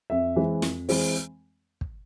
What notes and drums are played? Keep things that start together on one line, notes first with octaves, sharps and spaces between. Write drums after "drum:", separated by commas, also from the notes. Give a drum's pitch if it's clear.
F2 E5
E3 G#3 C4
F2, drum: snare
E3 G#3 C4, drum: open hi-hat
drum: kick